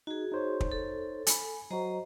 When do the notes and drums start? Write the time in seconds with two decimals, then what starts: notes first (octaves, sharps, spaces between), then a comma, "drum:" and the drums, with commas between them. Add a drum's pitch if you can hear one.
0.07 D#4 F#4 G#4
0.32 D#4 C5 C#5
0.60 drum: kick
0.72 A4
1.27 G#5 B5, drum: hi-hat
1.71 F#3 F#4 C5 D#5 A#5